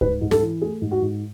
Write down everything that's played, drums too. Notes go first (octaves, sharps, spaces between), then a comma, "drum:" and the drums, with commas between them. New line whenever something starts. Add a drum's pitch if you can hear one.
G#2 B4, drum: kick C#2
G#2
A4, drum: snare
E3
A3 G#4
G#2
F#4
G#2